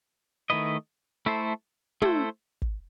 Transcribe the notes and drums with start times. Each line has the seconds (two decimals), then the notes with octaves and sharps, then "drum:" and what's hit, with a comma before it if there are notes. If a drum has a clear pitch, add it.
0.50 D#3 A3 E4 B4 D#5
1.26 A3 E4 A4 C5
2.02 A3 E4 A4 C5, drum: tom
2.62 drum: kick